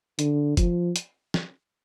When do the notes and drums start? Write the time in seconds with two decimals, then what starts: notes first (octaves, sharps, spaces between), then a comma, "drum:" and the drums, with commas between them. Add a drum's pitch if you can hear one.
0.19 D3, drum: hi-hat
0.57 F3, drum: kick F#1, hi-hat
0.96 drum: hi-hat
1.34 drum: snare